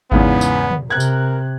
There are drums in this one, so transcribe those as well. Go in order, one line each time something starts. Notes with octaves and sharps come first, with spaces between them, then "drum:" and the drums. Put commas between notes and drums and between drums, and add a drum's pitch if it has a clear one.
E2 G#2 C#3 B3, drum: kick G#1
drum: tambourine
drum: tom
C3 A#4 F#6 G#6
drum: tambourine